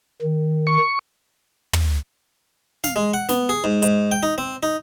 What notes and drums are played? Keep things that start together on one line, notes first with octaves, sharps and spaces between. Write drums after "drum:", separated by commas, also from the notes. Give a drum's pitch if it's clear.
D#3
C#6
drum: tom
F5, drum: snare
G#3
F#5
B3, drum: snare
G#4
G#2
G#2, drum: hi-hat
G5
D#4
C4
D#4